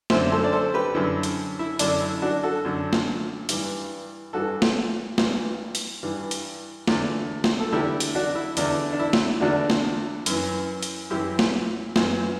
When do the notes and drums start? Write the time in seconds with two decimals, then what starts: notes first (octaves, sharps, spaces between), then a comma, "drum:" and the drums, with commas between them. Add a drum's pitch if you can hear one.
0.10 F#2 D3 C5 E5, drum: snare
0.32 A4 C5
0.44 D5
0.53 A4 C5
0.74 G4 B4
0.95 F#2 D3 E4
1.23 drum: hi-hat
1.59 E4
1.79 F#2 D3 D4, drum: hi-hat
2.00 E4
2.22 D4 F#4
2.43 F#4 A4
2.65 F#2 D3
2.93 drum: snare
3.49 G2 E3, drum: hi-hat
4.33 G2 E3 F#4 A4
4.62 drum: snare
5.18 G2 E3, drum: snare
5.75 drum: hi-hat
6.03 G2 E3
6.31 drum: hi-hat
6.88 E2 D3, drum: snare
7.44 drum: snare
7.60 A4
7.72 E2 D3 E4 G4
8.00 drum: hi-hat
8.15 D4 F#4
8.35 E4
8.57 E2 D3 D4, drum: hi-hat
8.93 D4
8.99 E4
9.13 drum: snare
9.41 E2 D3 D4 F#4
9.70 drum: snare
10.26 F#2 E3, drum: hi-hat
10.83 drum: hi-hat
11.10 F#2 E3 E4 G4
11.39 drum: snare
11.96 F#2 E3, drum: snare